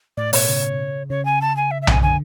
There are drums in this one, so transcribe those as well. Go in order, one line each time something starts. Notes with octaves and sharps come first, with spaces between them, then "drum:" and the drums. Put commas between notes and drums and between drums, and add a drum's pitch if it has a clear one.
A2 D5
B2 C#5, drum: open hi-hat
C#3
C#3 C#5
G#5
A5
G#5
E5
E5
C#3 G#5, drum: tom B1
D3 G#5